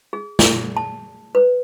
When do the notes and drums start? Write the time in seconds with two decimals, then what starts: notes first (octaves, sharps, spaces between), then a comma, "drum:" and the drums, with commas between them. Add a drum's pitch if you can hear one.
0.13 G#4
0.39 G#4, drum: snare
0.77 A5
1.35 B4